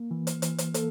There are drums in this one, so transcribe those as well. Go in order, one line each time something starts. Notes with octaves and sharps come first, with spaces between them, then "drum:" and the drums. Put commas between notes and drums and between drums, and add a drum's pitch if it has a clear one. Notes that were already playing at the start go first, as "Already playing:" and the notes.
Already playing: A#3
E3
drum: hi-hat
E3, drum: hi-hat
drum: hi-hat
A#3 A4, drum: hi-hat